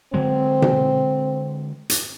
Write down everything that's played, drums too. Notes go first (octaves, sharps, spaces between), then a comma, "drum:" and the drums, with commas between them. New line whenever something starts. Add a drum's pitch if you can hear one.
D3 F#3 G#3 C4
drum: tom B2
drum: hi-hat